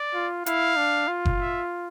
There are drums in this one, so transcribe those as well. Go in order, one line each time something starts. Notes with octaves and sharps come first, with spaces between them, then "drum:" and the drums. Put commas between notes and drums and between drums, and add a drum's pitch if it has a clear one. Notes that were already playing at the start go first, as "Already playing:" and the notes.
Already playing: D5
F4
E4 F5, drum: hi-hat
D4
F4
drum: kick F#1
E5